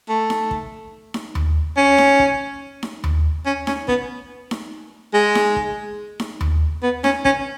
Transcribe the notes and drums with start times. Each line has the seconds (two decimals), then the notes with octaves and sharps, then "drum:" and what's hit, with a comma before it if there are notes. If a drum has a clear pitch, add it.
0.09 A3
0.30 drum: snare D#4
0.51 drum: kick
1.14 drum: snare D#4
1.35 drum: tom D#2
1.77 C#4
1.98 drum: snare D#4
2.19 drum: kick
2.83 drum: snare D#4
3.04 drum: tom D#2
3.46 C#4
3.67 C#4, drum: snare D#4
3.88 B3, drum: kick
4.51 drum: snare D#4
5.14 G#3
5.35 drum: snare D#4
5.56 drum: kick
6.20 drum: snare D#4
6.41 drum: tom D#2
6.83 B3
7.04 C#4, drum: snare D#4
7.25 C#4, drum: kick